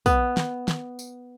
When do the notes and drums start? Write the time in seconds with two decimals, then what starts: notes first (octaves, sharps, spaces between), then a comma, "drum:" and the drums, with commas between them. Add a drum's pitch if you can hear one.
0.06 B3, drum: kick, tambourine
0.37 drum: snare
0.68 drum: snare
0.99 drum: tambourine